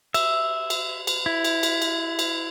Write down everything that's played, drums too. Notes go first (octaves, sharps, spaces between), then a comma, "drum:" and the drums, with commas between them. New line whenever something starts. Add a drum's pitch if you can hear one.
E5, drum: cymbal
drum: cymbal
drum: cymbal
E4
drum: cymbal
drum: cymbal
drum: cymbal
drum: cymbal